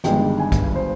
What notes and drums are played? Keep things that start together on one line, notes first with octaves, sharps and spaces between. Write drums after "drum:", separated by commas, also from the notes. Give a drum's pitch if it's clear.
G1 G2 D#3 G#3 G5, drum: hi-hat
G#5
drum: kick B1, hi-hat
C5